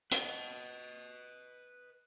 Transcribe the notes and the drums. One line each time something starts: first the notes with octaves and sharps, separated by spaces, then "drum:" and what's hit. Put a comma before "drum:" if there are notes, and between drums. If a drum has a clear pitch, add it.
B4 D#5, drum: hi-hat